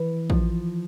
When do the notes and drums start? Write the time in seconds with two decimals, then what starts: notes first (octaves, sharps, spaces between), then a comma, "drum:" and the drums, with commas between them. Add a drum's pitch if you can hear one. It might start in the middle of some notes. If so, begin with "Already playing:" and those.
Already playing: E3
0.30 F3, drum: kick